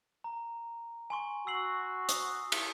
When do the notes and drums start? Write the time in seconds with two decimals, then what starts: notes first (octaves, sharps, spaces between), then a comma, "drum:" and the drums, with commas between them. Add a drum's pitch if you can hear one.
0.24 A#5
1.10 G#5 C6 C#6
1.47 F#4 E6 C7 F#7
2.09 D#6, drum: hi-hat
2.52 drum: cymbal